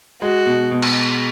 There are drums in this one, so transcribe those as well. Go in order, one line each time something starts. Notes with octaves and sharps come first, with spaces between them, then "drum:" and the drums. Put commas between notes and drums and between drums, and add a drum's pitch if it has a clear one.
G#3 F#4
B2
B2
drum: cymbal